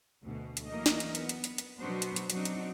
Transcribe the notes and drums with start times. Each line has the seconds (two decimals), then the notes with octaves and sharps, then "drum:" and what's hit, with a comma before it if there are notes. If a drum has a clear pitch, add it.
0.24 D2 B2 D3
0.57 drum: hi-hat
0.67 E3 F#3 A#3 D#4 A#4 D#5
0.86 drum: snare
1.00 drum: hi-hat
1.15 B3, drum: hi-hat
1.29 drum: hi-hat
1.44 drum: hi-hat
1.58 drum: hi-hat
1.79 B2 F#3 B3 D4 F#4 C5
2.02 drum: hi-hat
2.16 drum: hi-hat
2.30 F#3 C4 D4 D#4 F#4, drum: hi-hat
2.45 drum: hi-hat